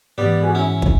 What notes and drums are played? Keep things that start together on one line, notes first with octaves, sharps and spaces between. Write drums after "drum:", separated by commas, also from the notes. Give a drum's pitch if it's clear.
G#2 E3 G3 B3 D5
F#4 G#4 B4
C#4 E4
drum: kick